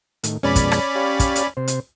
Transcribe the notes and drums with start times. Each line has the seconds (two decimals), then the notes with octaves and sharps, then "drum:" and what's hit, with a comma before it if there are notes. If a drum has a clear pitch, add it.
0.24 A2 D#3, drum: hi-hat
0.43 F2 B2 G#3 C#4 D5 B5
0.56 drum: kick, hi-hat
0.72 drum: rim click
0.95 G4 C#5 F5
1.20 drum: kick, hi-hat
1.36 drum: hi-hat
1.57 C3 C5
1.68 drum: hi-hat